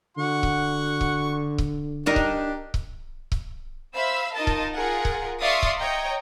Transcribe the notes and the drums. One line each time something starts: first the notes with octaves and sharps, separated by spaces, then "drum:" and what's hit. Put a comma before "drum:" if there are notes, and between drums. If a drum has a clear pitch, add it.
D3 F#4 F#5 C#6
drum: kick C#1
drum: kick C#1
drum: kick C#1
D4 D#4 G4 A#4
drum: kick C#1
drum: kick C#1
drum: kick C#1
C5 E5 F5 B5 E6
D#4 F4 A#4 D#5 A5
drum: kick C#1
F4 G#4 A#4 F#5
drum: kick C#1
D5 E5 F5 C6 C#6 D#6
drum: kick C#1
C#5 D#5 G5 A#5